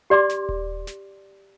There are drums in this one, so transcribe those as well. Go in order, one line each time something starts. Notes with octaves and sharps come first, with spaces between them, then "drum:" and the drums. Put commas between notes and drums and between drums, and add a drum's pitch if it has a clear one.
G4 D5 C6 D6
drum: snare
drum: kick D#1
drum: snare